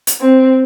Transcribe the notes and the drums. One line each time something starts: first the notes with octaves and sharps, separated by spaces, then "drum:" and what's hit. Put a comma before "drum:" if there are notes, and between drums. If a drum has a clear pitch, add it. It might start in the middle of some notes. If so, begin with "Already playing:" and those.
drum: hi-hat
C4